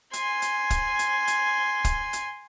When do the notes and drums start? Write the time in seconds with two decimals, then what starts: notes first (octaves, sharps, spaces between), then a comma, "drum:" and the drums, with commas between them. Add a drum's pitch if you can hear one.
0.13 G#5 C6, drum: hi-hat
0.42 drum: hi-hat
0.70 drum: kick, hi-hat
0.99 drum: hi-hat
1.27 drum: hi-hat
1.85 drum: kick, hi-hat
2.13 drum: hi-hat